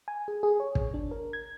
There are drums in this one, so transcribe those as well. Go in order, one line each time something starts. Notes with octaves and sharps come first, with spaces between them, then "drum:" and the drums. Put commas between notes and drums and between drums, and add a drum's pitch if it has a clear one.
G#5
G#4
G#4
C#5
drum: kick
D4
A#4
G#6